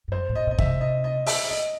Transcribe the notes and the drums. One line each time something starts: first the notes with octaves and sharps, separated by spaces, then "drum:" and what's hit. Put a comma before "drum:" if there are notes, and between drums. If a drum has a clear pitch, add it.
G2
F#2 C5
A2
D#5
B2
D#5
C3 E5, drum: kick G1
D#5
D#5
E5, drum: open hi-hat
D#5